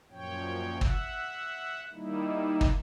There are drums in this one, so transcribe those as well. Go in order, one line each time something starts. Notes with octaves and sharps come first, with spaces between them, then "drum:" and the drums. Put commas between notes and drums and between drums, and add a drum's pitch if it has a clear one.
F#2 A#2 F3 C#5 G5
E5 F#5, drum: kick
D#3 G3 A#3 D#4 E4
drum: kick